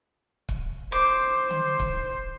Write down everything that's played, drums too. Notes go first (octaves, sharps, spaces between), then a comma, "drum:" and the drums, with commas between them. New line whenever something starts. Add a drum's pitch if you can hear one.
drum: kick
C5 D6
drum: tom D3
drum: kick